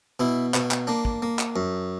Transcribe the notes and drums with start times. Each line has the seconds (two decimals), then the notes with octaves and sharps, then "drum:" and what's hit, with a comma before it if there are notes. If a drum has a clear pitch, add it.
0.20 B2 E4
0.54 B2, drum: clap
0.71 drum: clap
0.87 A#3 D4
1.05 drum: kick
1.22 A#3
1.39 drum: clap
1.56 F#2